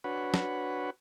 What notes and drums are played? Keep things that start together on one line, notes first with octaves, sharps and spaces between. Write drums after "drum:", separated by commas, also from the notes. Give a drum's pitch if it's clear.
D4 F#4 B4 C#5 F#5 B5
drum: snare